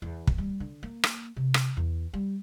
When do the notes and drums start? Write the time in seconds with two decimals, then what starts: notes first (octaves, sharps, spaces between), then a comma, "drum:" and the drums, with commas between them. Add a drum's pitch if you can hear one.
0.02 E2
0.27 drum: kick
0.38 G3
0.60 D3
0.83 A#3
1.04 drum: rim click
1.36 C3
1.54 drum: rim click
1.77 E2
2.13 G3